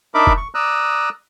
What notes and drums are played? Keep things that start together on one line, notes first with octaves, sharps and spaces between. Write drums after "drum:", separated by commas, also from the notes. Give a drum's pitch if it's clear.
D4 D#4 A#4 E5 B5 D6
drum: kick
C#6
D5 A#5 D#6 E6 F#6